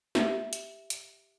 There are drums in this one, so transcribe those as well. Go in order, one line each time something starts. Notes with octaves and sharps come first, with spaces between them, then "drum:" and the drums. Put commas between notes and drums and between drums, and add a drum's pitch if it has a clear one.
G4 E5, drum: snare
drum: hi-hat
drum: hi-hat